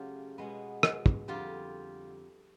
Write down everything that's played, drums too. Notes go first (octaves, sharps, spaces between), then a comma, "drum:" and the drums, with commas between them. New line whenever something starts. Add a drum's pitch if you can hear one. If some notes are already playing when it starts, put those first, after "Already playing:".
Already playing: C#3 F#3 A3 F4 G4
B2 G#3 B3
drum: rim click
drum: kick
F2 D3 G3 F4 G4